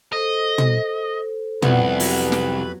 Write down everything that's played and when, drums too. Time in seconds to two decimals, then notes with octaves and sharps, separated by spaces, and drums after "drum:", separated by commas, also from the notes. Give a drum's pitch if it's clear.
0.13 A4 C5 D#5
0.58 drum: tom
1.62 C2 F2 B3 F4 B4 D5 E5 B5, drum: tom
2.00 F#3 F4 G4, drum: open hi-hat
2.32 drum: snare